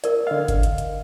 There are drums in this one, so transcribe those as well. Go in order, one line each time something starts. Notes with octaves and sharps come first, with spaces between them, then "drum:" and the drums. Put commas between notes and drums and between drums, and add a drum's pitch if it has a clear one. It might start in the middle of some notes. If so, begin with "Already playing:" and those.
A#4 D5, drum: hi-hat
D3 D#5 F5
drum: kick G1, hi-hat
drum: hi-hat
drum: hi-hat